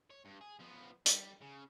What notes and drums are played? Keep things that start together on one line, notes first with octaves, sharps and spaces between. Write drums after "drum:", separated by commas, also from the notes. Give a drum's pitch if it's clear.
C#5
G2
G#4
F3 B3
G3, drum: hi-hat
C#3